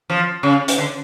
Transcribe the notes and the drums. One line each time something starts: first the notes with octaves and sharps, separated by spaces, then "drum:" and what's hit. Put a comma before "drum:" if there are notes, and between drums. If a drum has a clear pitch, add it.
F3
C#3
drum: hi-hat
D3